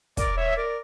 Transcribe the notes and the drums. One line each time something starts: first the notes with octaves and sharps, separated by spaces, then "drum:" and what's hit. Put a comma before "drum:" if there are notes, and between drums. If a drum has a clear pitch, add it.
A#4 D5, drum: kick, hi-hat
C#5 E5
A#4 D5